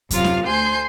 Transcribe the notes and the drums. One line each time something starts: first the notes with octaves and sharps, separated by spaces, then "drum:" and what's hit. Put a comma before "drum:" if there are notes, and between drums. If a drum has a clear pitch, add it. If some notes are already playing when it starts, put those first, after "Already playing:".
F#2 C3 F4 F5, drum: kick D#2, hi-hat
drum: snare
D2 C5 G#5 C6 G6